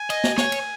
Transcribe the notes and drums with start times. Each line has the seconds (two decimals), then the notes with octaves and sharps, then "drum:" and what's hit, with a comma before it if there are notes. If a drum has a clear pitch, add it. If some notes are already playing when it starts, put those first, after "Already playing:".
Already playing: G#5
0.10 D#5, drum: cymbal
0.24 drum: snare
0.38 C#5, drum: snare
0.52 drum: cymbal